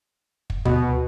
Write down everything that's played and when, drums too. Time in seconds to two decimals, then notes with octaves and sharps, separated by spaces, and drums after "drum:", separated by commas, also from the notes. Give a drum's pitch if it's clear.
0.50 drum: kick
0.65 B2, drum: tom D2